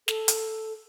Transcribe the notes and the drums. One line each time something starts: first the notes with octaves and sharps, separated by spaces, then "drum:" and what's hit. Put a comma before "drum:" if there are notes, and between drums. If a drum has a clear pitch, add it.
A4, drum: snare
drum: hi-hat